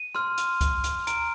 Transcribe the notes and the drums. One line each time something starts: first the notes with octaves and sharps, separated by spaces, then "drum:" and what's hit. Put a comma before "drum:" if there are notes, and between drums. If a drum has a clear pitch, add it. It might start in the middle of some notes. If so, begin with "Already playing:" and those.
Already playing: D#7
C6 F6, drum: rim click
drum: hi-hat
drum: kick C#2, hi-hat
drum: hi-hat
A#5 F6 D7, drum: hi-hat